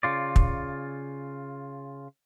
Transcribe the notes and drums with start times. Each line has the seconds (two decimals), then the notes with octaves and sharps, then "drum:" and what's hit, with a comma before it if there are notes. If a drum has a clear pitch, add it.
0.03 C#3 F4 D5
0.36 drum: kick